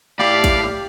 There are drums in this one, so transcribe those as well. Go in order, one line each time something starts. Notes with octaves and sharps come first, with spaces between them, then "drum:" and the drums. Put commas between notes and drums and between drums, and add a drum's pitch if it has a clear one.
A2 G4 D5 F5 B5
drum: kick, cymbal